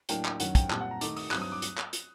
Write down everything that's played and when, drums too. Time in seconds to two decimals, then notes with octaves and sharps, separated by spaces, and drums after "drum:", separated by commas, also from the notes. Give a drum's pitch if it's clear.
0.09 A2 F#3 A#3 D4 G5, drum: hi-hat
0.25 G5, drum: clap
0.40 F#2 D#3 F#3 F#5, drum: hi-hat
0.55 G5, drum: kick, hi-hat
0.70 A#2 G3 C4 A5, drum: clap
0.81 F#5
0.91 A#5
1.01 D#3 A3 D#4 D6, drum: hi-hat
1.16 D#6, drum: open hi-hat
1.31 G2 F#3 C4 F#6, drum: clap
1.41 D#6
1.52 D6
1.62 drum: hi-hat
1.78 drum: clap
1.93 drum: hi-hat